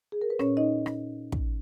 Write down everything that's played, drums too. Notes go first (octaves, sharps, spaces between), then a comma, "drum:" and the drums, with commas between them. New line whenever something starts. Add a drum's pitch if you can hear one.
G#4
A#4
B4
A#2 C#4 C#5, drum: rim click
D#4 D#5
drum: rim click
drum: kick